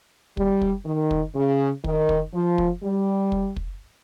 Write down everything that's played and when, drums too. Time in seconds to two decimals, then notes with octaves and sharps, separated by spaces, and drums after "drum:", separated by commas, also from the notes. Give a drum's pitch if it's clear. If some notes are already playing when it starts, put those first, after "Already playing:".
0.37 G3, drum: kick
0.61 drum: kick
0.86 D#3
1.11 drum: kick
1.35 C#3
1.84 D#3, drum: kick
2.09 drum: kick
2.34 F3
2.58 drum: kick
2.83 G3
3.32 drum: kick
3.56 drum: kick